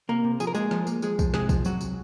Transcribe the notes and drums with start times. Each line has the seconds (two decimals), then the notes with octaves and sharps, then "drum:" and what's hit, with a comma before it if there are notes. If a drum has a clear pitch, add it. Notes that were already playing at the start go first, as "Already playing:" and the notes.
0.09 C3 A#3 A#4
0.24 C3
0.40 F3 G#4, drum: tambourine
0.47 A#4
0.55 G#3 A#3 G#4, drum: tambourine
0.71 F3, drum: snare
0.87 A#3, drum: tambourine
1.02 F3 G#3 G#4, drum: tambourine
1.19 F3, drum: kick, tambourine
1.34 C3 G#3 G#4, drum: snare
1.49 F3, drum: kick, tambourine
1.65 C3 F#3 F#4, drum: tambourine
1.81 C3, drum: tambourine